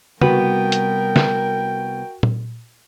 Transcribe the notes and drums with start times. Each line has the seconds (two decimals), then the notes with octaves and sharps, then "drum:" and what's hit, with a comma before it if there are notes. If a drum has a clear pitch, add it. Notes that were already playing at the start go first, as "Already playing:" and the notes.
0.21 C2 B3 F#4 A#4 B4 G5, drum: tom
0.72 drum: hi-hat
1.16 drum: snare
2.23 drum: tom A#2